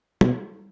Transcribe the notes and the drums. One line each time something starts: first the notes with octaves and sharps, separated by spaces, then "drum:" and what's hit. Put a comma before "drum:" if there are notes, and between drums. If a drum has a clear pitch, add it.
B2, drum: tom